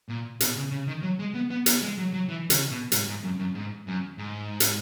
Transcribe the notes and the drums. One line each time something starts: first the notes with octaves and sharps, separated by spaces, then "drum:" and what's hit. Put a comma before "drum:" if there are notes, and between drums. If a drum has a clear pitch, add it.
A#2
B2, drum: hi-hat
C#3
C#3
D#3
F#3
G#3
B3
B3
B3, drum: hi-hat
G#3
F#3
F#3
E3
C#3, drum: hi-hat
B2
G#2, drum: hi-hat
G#2
F#2
F#2
G#2
F#2
G#2
drum: hi-hat